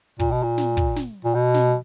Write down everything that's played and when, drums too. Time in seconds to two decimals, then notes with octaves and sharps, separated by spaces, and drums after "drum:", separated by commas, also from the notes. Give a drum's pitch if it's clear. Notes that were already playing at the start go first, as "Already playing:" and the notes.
0.20 A#2, drum: kick
0.31 B2
0.43 A#2
0.58 drum: snare
0.77 drum: kick
0.96 drum: snare
1.25 A#2
1.35 B2
1.54 drum: snare